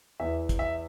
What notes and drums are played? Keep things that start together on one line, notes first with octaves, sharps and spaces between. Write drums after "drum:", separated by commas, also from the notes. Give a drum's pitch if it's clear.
E2 E3 E5
drum: kick, hi-hat
E5